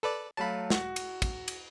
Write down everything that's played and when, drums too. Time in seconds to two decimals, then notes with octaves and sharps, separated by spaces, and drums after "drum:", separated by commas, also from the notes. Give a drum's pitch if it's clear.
0.03 A4 B4 D5
0.37 F#3 A3 F5 A5 B5
0.70 F#4, drum: snare
0.96 drum: cymbal
1.22 drum: kick, cymbal
1.48 drum: cymbal